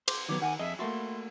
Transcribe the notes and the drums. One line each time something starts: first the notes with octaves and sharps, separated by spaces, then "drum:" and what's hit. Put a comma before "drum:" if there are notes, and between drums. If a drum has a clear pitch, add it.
C5 D6, drum: cymbal
D#3 F#3 B3 C#5 A#5 D6
D#3 F#5 G#5 A#5 D6
F2 G#4 D#5 E5
A3 A#3 F#4 E5 A5 B5 C6